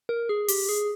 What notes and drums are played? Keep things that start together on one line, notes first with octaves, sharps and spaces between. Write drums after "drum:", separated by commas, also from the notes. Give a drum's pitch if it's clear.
A#4
G#4
G4, drum: open hi-hat
G#4